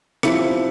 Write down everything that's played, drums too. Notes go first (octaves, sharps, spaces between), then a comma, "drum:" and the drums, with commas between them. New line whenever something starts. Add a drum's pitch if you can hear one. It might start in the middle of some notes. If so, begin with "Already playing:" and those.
C3 F3 C4 E4 E5, drum: rim click